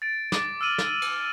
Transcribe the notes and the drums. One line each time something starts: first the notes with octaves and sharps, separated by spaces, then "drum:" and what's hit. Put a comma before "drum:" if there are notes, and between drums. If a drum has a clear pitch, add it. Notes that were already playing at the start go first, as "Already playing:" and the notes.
A6 D7
D6 A6, drum: snare
E6 F6 D#7 F#7
drum: snare
drum: cymbal